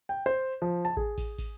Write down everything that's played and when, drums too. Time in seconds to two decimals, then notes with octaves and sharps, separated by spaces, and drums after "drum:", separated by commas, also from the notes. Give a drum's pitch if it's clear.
0.09 G5
0.26 C5
0.62 F3
0.85 A5
0.97 G#4, drum: kick
1.18 drum: kick, open hi-hat
1.38 drum: kick, open hi-hat